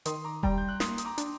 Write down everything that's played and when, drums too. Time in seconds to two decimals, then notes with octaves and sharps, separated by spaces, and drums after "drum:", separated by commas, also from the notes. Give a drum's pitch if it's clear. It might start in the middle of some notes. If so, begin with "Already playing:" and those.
0.05 D#3 C6 D#6, drum: hi-hat
0.24 A#5 D6
0.43 G3 G5 A#5, drum: kick E1
0.58 G6
0.69 F#6
0.80 A#3 C6 D#6, drum: snare
0.98 D#6, drum: hi-hat
1.05 A#5 D6
1.18 D4, drum: hi-hat